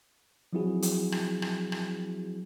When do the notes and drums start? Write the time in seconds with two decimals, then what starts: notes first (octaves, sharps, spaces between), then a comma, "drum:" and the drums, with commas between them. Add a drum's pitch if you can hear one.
0.53 F3 F#3 C4 E4 F#4 G#4
0.82 drum: hi-hat
1.12 drum: rim click
1.42 drum: rim click
1.72 drum: rim click